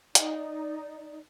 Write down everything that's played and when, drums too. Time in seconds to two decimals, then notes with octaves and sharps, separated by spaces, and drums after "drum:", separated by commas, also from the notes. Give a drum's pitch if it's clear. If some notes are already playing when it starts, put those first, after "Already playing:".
0.15 D#4 D5, drum: hi-hat